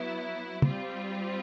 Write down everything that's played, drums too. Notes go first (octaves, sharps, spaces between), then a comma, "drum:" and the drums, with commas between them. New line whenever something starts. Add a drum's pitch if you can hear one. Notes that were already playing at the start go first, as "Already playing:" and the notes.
Already playing: F#3 B3 E4
G3 C4 F4, drum: tom